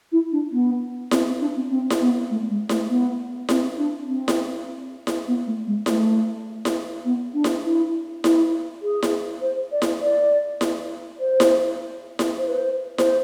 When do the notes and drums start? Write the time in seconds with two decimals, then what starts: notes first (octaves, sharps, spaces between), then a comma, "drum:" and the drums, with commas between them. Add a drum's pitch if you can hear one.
0.12 E4
0.32 D4
0.52 B3
1.11 C4, drum: snare E4
1.27 C4
1.41 D4
1.56 C4
1.70 C4
1.90 drum: snare E4
2.01 B3
2.31 A3
2.50 G#3
2.69 A3, drum: snare E4
2.89 B3
3.49 C4, drum: snare E4
3.78 D4
4.08 C4
4.28 drum: snare E4
5.07 drum: snare E4
5.27 B3
5.47 A3
5.67 G#3
5.86 A3, drum: snare E4
6.65 drum: snare E4
7.05 B3
7.34 D4
7.44 drum: snare E4
7.64 E4
8.24 E4, drum: snare E4
8.82 G#4
9.03 drum: snare E4
9.42 C5
9.72 D5
9.82 drum: snare E4
10.02 D5
10.61 drum: snare E4
11.20 C5
11.40 drum: snare E4
12.19 drum: snare E4
12.38 C5
12.48 B4
12.57 C5
12.98 C5, drum: snare E4